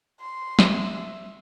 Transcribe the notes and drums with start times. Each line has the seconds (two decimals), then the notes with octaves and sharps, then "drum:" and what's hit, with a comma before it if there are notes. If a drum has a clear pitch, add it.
0.20 C6
0.59 E5, drum: snare